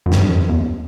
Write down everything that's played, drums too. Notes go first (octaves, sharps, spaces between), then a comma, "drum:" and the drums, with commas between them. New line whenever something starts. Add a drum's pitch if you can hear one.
F#2
G2, drum: snare
F#2
E2